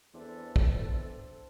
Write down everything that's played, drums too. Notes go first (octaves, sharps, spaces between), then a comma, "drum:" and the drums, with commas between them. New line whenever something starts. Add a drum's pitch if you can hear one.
E2 C4 D4 A4 E5
drum: kick